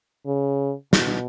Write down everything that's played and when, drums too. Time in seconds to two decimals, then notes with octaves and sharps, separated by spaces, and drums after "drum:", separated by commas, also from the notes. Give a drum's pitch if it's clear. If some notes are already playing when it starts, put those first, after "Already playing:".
0.26 C#3
0.93 B2, drum: snare